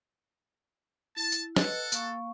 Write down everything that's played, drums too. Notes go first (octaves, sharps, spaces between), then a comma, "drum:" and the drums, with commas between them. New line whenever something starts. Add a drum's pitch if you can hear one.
E4 A5
drum: tambourine
A4 B4 D#5 F#5 A5, drum: snare
A#3 F5 C#6, drum: tambourine